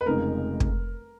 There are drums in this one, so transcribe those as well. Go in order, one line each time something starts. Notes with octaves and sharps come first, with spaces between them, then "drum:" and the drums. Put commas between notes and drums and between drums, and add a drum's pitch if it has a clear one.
B4
F1 F2 C#3 G#3 D#4 A#4
drum: kick